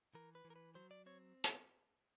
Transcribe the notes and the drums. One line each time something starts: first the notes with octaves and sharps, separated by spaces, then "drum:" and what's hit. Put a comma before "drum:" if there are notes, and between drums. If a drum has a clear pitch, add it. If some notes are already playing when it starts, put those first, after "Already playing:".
E3 A#4
B4
E3
A#4
B4
F#3 C5
D5
C4 C#5
drum: hi-hat